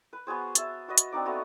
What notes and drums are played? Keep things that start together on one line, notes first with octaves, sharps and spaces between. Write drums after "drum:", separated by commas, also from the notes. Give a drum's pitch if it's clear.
B4
B3 F#4 G#4 C5
E5 A5, drum: hi-hat
F#4 B4 D#5
drum: hi-hat
C4 D4 D#4 D5
A3 B3 F#4 D#5